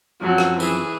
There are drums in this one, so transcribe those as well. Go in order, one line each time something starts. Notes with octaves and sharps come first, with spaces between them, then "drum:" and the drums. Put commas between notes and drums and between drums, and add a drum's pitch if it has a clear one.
F#2 F3 F#3 C4
drum: rim click
E3 G#4, drum: tambourine